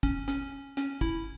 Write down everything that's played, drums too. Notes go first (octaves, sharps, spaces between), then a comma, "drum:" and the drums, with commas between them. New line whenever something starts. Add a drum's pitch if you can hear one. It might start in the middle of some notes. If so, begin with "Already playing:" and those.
C#4, drum: kick
C#4, drum: rim click
C#4, drum: rim click
E4, drum: kick